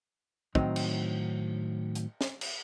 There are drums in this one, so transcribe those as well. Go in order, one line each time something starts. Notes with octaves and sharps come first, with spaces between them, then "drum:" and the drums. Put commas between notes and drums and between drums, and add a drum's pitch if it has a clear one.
A2 D#3 F#3 C4 D#4, drum: kick
drum: cymbal
drum: hi-hat
drum: snare
drum: cymbal